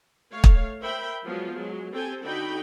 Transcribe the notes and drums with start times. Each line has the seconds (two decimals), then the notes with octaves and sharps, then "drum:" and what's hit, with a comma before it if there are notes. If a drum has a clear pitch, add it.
0.32 A3 C#5 F5
0.44 drum: kick
0.81 A#4 C5 E5 G5 B5
1.23 F3 F#3 G#3 B3 F4
1.52 F#3 G#3
1.92 C4 G4 A4 G5 G#5
2.24 D3 D#4 F#4 G5 B5